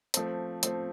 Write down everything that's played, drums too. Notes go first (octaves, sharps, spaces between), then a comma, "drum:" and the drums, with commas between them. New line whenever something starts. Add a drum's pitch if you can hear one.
F3 A3 C4, drum: hi-hat
F3 A3 C4, drum: hi-hat